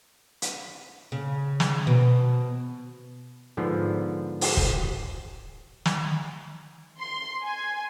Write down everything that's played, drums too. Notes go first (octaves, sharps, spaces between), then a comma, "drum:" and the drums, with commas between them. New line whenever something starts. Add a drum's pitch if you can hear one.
drum: hi-hat
C#3
drum: snare
B2
G#2 D3 F3 B3
drum: open hi-hat
drum: kick
drum: snare
C6
G#5